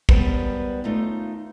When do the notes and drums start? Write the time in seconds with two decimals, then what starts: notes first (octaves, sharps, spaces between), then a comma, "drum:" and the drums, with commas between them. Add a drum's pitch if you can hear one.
0.09 D#2 G#2 G3 B3 B4 A5, drum: kick
0.84 D#2 A3 D#4 F4